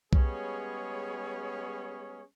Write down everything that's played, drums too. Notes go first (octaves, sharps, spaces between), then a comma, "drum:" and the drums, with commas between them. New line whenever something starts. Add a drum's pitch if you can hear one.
G3 G#3 B3 C#4 G#4 C#5, drum: kick B1